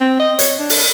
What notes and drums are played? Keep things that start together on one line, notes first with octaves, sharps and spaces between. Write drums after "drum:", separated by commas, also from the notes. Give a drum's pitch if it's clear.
C4
D#5
C#5, drum: hi-hat
D4
drum: open hi-hat